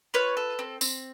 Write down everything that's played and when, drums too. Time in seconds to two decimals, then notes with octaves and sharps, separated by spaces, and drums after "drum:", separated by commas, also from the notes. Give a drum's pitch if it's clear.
0.14 F4 B4 C#5
0.37 A4
0.59 C4
0.81 C4, drum: tambourine